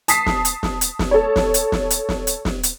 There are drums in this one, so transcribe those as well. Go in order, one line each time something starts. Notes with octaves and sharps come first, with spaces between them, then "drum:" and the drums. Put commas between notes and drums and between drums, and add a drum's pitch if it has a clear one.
A5 D#6 B6 C7, drum: hi-hat
drum: snare
drum: hi-hat
drum: snare
drum: hi-hat
drum: snare
A4 C#5
drum: snare
drum: hi-hat
drum: snare
drum: hi-hat
drum: snare
drum: hi-hat
drum: snare
drum: hi-hat